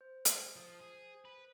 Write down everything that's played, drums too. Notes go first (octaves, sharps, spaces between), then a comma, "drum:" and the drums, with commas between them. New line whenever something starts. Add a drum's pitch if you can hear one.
C5
drum: hi-hat
F3 C5 D#6
G#4
B4